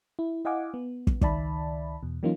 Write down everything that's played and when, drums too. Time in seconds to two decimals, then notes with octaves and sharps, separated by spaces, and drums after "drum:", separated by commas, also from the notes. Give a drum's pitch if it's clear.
0.19 E4
0.45 E4 D#5 F5 F#5 G#5 D6
0.74 B3
1.07 drum: kick
1.21 C#2 D#3 D5 E5 A5 B5, drum: kick
2.03 E2 B2
2.23 E3 F#3 A#3 C#4 D#4 F4